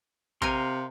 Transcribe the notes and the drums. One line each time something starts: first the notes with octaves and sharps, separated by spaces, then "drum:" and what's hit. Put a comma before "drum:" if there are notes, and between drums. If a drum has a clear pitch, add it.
C3 A#4 F5 G#5 C6, drum: kick A1